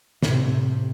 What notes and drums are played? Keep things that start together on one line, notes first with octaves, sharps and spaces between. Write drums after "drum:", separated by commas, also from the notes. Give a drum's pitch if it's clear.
A2 C3, drum: snare